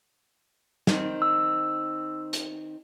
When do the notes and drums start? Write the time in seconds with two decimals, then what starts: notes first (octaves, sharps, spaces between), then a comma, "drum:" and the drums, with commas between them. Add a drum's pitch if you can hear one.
0.87 D#3 C4, drum: snare
1.22 E6
2.33 drum: hi-hat